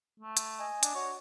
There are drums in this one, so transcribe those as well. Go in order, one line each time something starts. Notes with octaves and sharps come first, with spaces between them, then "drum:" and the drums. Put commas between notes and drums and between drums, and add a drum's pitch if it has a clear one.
A3
drum: hi-hat
D#5 G#5
D4, drum: hi-hat
F#4 C#5